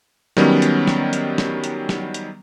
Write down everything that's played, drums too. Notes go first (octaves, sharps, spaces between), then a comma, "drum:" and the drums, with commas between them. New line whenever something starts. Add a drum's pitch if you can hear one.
D#3 F#3 G3 B3 C#4, drum: snare
drum: hi-hat
drum: snare
drum: hi-hat
drum: snare
drum: hi-hat
drum: snare
drum: hi-hat